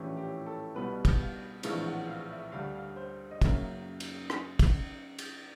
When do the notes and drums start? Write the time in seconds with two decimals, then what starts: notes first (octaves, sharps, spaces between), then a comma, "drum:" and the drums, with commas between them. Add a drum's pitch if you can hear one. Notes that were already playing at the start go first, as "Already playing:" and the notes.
Already playing: A#1 A2 E3 A3 C#4 G4
0.17 G4
0.46 A4
0.75 C2 B2 G3 B3 B4
1.05 drum: kick, cymbal
1.20 F5
1.63 A#1 A2 E3 G#3 C4 F5, drum: cymbal
1.86 F#5
2.08 F5
2.31 E5
2.52 D2 D3 G3 F5
2.75 F5
2.96 C5
3.31 D#5
3.41 F#2 C#3 F#3 A#3 E5, drum: kick, cymbal
4.00 drum: cymbal
4.30 drum: rim click
4.59 drum: kick, cymbal
5.19 drum: cymbal